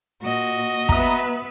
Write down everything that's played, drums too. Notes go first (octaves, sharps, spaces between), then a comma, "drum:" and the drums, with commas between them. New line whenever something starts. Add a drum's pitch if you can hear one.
A#2 F#4 D#5
B3 B4 E5 A#5 D#6, drum: kick